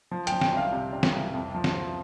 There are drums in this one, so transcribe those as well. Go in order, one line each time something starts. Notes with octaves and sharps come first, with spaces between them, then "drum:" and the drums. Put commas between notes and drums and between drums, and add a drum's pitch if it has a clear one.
F3
G5, drum: hi-hat
F3
G5, drum: snare
C2 F5
C3
C3
drum: snare
C2
F2
F3
drum: snare
F3